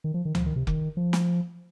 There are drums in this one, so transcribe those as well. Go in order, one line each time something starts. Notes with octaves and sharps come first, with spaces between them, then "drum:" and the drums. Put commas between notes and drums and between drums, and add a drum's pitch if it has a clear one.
D#3
F3
D#3
F3, drum: tom C#2
D#3
C3
D#3, drum: kick F1
F3
drum: snare